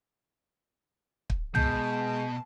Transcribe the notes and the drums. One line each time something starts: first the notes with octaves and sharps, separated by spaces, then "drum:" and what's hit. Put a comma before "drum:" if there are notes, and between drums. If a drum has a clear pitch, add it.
drum: kick
B2 G#3 A5 G6, drum: tom